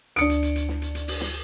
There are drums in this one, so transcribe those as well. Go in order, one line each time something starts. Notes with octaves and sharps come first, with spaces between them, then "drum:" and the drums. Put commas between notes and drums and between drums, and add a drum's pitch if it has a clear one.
D2 D4 D#6 C#7 D7, drum: hi-hat
drum: hi-hat
drum: hi-hat
drum: hi-hat
drum: snare
drum: hi-hat
drum: hi-hat
drum: open hi-hat
drum: snare